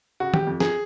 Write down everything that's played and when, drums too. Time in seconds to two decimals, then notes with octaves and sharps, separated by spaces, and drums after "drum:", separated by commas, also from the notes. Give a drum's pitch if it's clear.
0.20 C#3 F#4
0.34 G4, drum: tom
0.47 F2
0.60 G#4, drum: snare